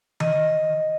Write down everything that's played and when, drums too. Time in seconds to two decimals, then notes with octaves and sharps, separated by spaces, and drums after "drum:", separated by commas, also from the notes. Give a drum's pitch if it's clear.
0.20 D#5, drum: tom D#3